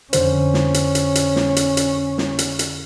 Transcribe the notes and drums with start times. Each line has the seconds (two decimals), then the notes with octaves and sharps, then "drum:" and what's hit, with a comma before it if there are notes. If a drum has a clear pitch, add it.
0.13 F2 D3 C#4 C5, drum: hi-hat
0.54 drum: snare
0.74 drum: hi-hat
0.95 drum: hi-hat
1.15 drum: hi-hat
1.36 drum: snare
1.56 drum: hi-hat
1.77 drum: hi-hat
2.18 drum: snare
2.39 drum: hi-hat
2.59 drum: hi-hat